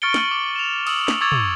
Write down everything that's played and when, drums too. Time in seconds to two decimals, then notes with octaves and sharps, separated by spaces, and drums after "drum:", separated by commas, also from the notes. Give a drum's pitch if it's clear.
0.02 C#6 F6 A6 C#7 D7 G7
0.14 F#7, drum: snare
0.31 D6
0.56 E7 F7
0.87 D#6 E6 F#7, drum: cymbal
1.08 drum: snare
1.21 C#6 D6 E6 G#6 A6 F7
1.32 drum: tom